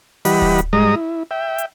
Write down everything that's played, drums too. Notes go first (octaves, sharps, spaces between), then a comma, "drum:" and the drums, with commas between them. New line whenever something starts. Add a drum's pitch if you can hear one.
E3 G3 G4 D#5 F#5 B5, drum: open hi-hat
drum: kick D1
drum: hi-hat
G#2 G3 G#3 D#5 A#5 D#6
E4
E5 G5
drum: hi-hat